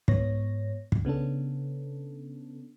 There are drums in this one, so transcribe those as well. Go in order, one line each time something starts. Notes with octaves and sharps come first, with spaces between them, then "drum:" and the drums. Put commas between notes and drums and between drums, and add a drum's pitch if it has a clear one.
G#2 B3 C#5 A#6, drum: kick
drum: kick
C#3 B3 C#4 D4 A4